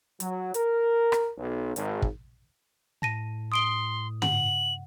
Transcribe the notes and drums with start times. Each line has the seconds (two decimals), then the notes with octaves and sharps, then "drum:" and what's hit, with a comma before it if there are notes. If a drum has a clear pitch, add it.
0.20 F#3, drum: hi-hat
0.54 A#4, drum: hi-hat
1.12 drum: rim click
1.38 B1
1.76 G#1, drum: hi-hat
2.02 drum: kick
3.02 A2 A5 A#6 D#7
3.52 C6 D#6 D7 G7
4.22 F#5 F#7, drum: tom